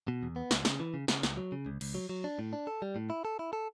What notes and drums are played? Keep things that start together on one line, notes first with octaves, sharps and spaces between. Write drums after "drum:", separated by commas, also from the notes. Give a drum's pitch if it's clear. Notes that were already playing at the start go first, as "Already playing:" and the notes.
B2
E2
B3
C#2, drum: snare
C#3, drum: snare
E3
C#3
C#3, drum: snare
C#2, drum: snare
F#3
C#3
C#2
C#2, drum: cymbal
F#3
F#3
D4
A2
D4
A4
G3
A2
E4
A4
E4
A4